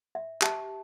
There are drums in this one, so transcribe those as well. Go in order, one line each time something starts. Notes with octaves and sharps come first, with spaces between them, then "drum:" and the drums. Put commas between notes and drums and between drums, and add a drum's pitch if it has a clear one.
E5
G4 E5 A5, drum: clap